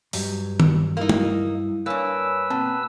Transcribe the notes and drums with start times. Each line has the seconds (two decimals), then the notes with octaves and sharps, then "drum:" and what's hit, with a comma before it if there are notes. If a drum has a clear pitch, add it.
0.13 G2 F#3 G4, drum: open hi-hat
0.60 drum: tom D#3
0.97 G3 A#3 D#4 E4
1.09 drum: tom
1.86 G2 A#3 B4 C#5 G#5 E6
2.50 B2 A#3 C4 A5